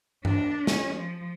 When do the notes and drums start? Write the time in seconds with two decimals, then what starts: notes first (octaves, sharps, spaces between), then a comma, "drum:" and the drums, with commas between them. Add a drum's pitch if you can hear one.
0.25 D4, drum: tom G2
0.67 C#4, drum: snare
0.98 F3